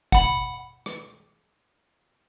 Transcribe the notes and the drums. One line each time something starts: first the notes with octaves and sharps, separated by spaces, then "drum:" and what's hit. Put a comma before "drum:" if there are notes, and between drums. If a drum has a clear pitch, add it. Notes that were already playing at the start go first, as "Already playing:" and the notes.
F#5 B5, drum: kick G1
drum: rim click